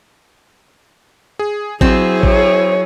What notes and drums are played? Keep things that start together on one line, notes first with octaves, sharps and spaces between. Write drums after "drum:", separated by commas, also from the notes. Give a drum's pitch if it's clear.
G#4
F#3 C4 E4 G#4, drum: kick A1
C#5, drum: kick A1